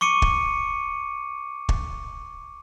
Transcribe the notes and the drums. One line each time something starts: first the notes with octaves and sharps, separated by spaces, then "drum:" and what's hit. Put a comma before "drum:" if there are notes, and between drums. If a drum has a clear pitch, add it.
C#6 D6 C#7 D#7
drum: kick
drum: kick